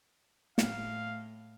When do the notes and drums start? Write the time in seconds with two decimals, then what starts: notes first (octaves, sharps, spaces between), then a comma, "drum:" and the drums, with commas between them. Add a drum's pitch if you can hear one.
0.58 A2 F5, drum: snare